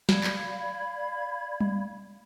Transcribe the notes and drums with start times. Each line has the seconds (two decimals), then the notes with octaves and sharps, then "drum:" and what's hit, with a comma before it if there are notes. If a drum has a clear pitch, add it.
0.09 D5 F5 B5 G#6, drum: snare
0.24 drum: clap
1.61 drum: tom G3